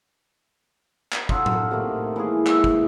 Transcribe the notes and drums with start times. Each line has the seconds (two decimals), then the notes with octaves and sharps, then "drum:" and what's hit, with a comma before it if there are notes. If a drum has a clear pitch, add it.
1.12 drum: clap
1.29 D#4 F4 A4 F#5, drum: kick
1.46 drum: tom A2
1.71 C3 D#3 A3 A#3
2.16 E3 G#3 A#3 G#4
2.46 E5 C#6, drum: clap
2.64 drum: kick